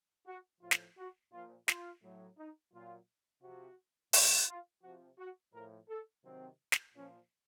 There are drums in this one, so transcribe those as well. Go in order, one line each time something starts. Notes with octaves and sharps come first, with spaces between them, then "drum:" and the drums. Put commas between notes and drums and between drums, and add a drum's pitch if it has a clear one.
F#4
A2 F3 F4
drum: snare
F#4
A#2 F3 F4
F4, drum: snare
A2 F#3
D#4
A#2 F#3 F4
C3 F3 F#4
A#2, drum: open hi-hat
F#3
F4
C3 F3 F#4
F#4
A2 F3 A#4
A4
C3 D#3 F#3 C4
drum: snare
A#2 F3 C#4